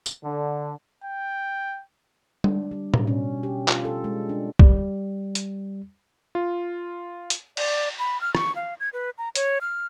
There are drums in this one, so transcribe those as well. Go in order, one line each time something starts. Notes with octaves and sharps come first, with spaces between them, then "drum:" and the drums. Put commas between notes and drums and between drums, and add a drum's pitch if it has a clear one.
drum: tambourine
D3
G5
D4, drum: tom G3
G3
B2, drum: tom A2
C#4
G4
F4, drum: clap
A4
G#3
D4
G3, drum: kick B1
drum: hi-hat
F4
drum: hi-hat
D5, drum: cymbal
B5
F6
C#6, drum: rim click
F5
G#6
B4
A#5
C#5, drum: hi-hat
F6